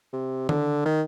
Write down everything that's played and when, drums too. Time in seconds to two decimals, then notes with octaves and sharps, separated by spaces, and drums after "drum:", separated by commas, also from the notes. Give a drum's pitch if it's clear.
0.13 C3
0.49 D3, drum: tom D#3
0.86 D#3